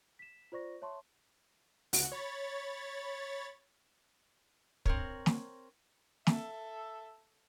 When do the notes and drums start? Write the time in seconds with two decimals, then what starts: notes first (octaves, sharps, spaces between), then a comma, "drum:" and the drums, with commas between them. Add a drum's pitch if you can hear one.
0.19 B6 E7
0.52 F4 C5 D5 C#6 A#6
0.82 C#5 E5 A5 C6 C#6
1.93 C#2 F#4 F#5, drum: open hi-hat
2.12 C#5 B5 A6
4.86 C4 A#4 C#5, drum: kick
5.26 drum: snare
6.27 A4 E5, drum: snare